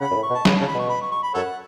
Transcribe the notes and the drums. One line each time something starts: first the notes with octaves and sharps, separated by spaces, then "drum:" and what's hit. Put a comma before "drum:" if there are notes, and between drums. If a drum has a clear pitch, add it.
C#3 F#5 B5
F#2
A2
C#6
B2
A5
C#3 B5, drum: snare
C#3 A5
B5
B2 C#6
B5
C#6
C#6
B5
F#2 A4 C#5 F#5